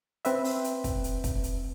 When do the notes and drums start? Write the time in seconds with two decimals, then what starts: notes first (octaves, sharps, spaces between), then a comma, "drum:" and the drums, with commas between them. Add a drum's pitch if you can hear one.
0.25 C4 B4 E5, drum: hi-hat
0.44 drum: open hi-hat
0.64 drum: hi-hat
0.84 drum: kick, hi-hat
1.04 drum: hi-hat
1.24 drum: kick, hi-hat
1.44 drum: hi-hat